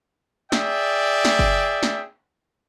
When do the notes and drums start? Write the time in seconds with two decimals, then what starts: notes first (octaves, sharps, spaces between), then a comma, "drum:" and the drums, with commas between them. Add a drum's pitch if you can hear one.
0.52 G#4 D5 E5 G5, drum: snare
1.25 drum: snare
1.39 drum: kick G1
1.83 drum: snare